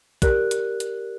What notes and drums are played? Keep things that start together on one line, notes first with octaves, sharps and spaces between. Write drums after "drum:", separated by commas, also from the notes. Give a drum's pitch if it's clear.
G4 A#4 D5 F#6, drum: kick, hi-hat
drum: hi-hat
drum: hi-hat